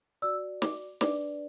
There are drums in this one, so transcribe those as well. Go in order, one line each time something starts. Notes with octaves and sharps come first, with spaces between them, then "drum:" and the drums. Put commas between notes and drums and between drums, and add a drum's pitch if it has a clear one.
F#4 D5 E6
D6, drum: snare
D4 B4 D5 D6, drum: snare